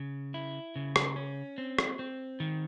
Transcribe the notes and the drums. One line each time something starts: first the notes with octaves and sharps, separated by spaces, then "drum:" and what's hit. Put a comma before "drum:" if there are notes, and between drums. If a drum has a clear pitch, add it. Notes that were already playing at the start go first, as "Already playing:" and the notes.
Already playing: C#3
E4
C#3
drum: rim click
C#4
C4
drum: rim click
C4
D#3